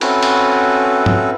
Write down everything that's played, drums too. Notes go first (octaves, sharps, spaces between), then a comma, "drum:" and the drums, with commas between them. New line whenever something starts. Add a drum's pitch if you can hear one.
C4 C#4 E4 F#4 A4 B4, drum: cymbal
drum: cymbal
drum: tom G#2